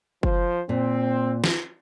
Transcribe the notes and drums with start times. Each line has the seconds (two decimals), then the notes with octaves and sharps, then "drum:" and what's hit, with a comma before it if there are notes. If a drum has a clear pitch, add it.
0.23 F3 C5, drum: kick F#1
0.69 A#2 C4
1.44 drum: snare